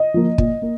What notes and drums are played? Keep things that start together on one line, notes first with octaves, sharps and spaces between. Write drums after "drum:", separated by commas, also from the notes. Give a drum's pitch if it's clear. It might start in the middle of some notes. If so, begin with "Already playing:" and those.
Already playing: D#5
F3 A#3
A#2, drum: kick
A#3